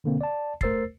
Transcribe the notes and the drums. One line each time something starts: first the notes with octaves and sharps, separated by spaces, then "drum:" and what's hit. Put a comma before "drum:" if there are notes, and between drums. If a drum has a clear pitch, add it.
B2 D3 A#3 C4
D5 A5
A3 A#4 C5 E6 A6 C7, drum: kick